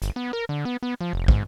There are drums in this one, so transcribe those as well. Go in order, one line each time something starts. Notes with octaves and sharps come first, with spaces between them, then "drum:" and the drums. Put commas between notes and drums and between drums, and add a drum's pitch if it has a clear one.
G1, drum: hi-hat
B3
A#4
D3
B3
B3
F3
F1
G#2, drum: kick